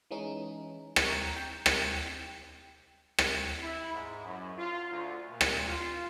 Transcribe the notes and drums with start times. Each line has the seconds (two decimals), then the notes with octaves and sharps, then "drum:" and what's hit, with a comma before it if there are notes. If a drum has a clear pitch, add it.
0.11 E3 G#3 C#4 D#4
0.96 drum: rim click
1.06 A#5 C#6
1.36 G5
1.66 drum: rim click
3.18 drum: rim click
3.62 E4
3.93 G#2
4.25 F#2
4.57 F4
4.91 D2
5.30 A#2
5.41 drum: rim click
5.68 F4